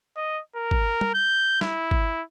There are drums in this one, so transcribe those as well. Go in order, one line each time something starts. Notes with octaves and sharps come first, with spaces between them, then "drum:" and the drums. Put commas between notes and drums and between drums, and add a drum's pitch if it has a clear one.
D#5
A#4
drum: kick
drum: tom
G6
E4, drum: snare
drum: kick